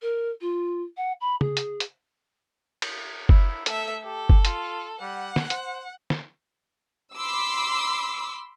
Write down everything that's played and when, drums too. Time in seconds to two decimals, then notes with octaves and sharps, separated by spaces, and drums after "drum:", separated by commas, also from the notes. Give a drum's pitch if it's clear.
0.02 A#4
0.41 F4
0.97 F#5
1.21 B5
1.41 G#4, drum: tom
1.57 drum: hi-hat
1.80 drum: hi-hat
2.82 drum: cymbal
3.29 E4, drum: kick F#1
3.66 A3 A4 E5, drum: hi-hat
4.04 G4 A4
4.30 drum: kick F#1
4.45 F4, drum: hi-hat
5.01 G3 F#5
5.36 drum: snare
5.50 C5, drum: hi-hat
6.10 drum: snare
7.15 B5 C6 D6 E6